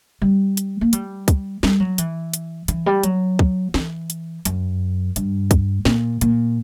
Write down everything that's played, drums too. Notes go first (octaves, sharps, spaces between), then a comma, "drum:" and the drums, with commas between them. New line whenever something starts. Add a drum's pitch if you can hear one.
G3
drum: hi-hat
A#3
G3, drum: hi-hat
drum: kick, hi-hat
G3, drum: snare
F#3
E3, drum: hi-hat
drum: hi-hat
E3, drum: hi-hat
G3
F#3, drum: hi-hat
drum: kick
E3, drum: snare
drum: hi-hat
F#2, drum: hi-hat
G2, drum: hi-hat
drum: kick, hi-hat
A#2, drum: snare
A#2, drum: hi-hat